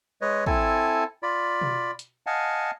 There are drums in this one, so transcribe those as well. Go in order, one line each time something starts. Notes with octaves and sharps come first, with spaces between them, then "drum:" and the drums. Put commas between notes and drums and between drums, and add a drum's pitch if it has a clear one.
G#3 B4 C#5 D#5
C4 E4 A4 G#5 A5, drum: kick
F4 D5 B5
drum: tom B2
drum: hi-hat
D#5 F5 F#5 G#5 A5